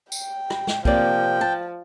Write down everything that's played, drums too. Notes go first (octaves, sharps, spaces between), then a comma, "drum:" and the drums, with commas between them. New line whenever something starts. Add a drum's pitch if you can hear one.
G5, drum: tambourine
drum: rim click
drum: snare
C3 F3 A#3 D5 G5, drum: kick B1
A5